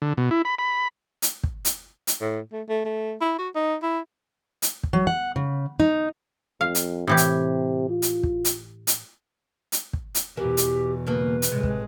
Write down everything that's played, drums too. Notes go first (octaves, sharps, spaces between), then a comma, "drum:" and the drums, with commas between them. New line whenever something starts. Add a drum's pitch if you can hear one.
D3
B2
E4
B5
B5
drum: hi-hat
drum: kick
drum: hi-hat
drum: hi-hat
A2
A3
A3
A3
E4
F#4
D#4
E4
drum: hi-hat
drum: kick
F#3
F#5
C#3
D#4
F2 F5
drum: hi-hat
A2 C3 E3 G4
drum: hi-hat
F4
drum: hi-hat
drum: kick
drum: hi-hat
drum: hi-hat
drum: hi-hat
drum: kick
drum: hi-hat
E2 B2 E3 F#4 G4 A#4
drum: hi-hat
G2 C#3 A#3 B4
drum: hi-hat
A2 C3 G#3
drum: kick